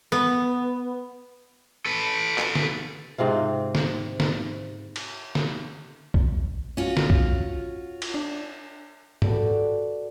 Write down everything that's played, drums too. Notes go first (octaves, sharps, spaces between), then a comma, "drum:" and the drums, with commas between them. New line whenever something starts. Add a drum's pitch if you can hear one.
B3
A4 B4
drum: clap
drum: snare
G#2 C3 C4 F4
drum: snare
drum: snare
drum: cymbal
drum: snare
A#1, drum: kick B1
C#4 F4 F#4
drum: snare
drum: kick B1
drum: cymbal
D4
F#4 G4 A4 B4 D5, drum: tom G#2